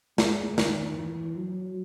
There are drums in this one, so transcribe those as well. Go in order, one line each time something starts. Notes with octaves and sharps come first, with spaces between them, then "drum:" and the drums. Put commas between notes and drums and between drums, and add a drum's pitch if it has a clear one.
G#3, drum: snare
D#3, drum: snare
E3
F#3